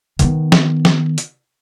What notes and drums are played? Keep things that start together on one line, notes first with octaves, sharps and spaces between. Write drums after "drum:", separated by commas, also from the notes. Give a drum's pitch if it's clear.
D#3 B3, drum: hi-hat
drum: snare
drum: snare
drum: hi-hat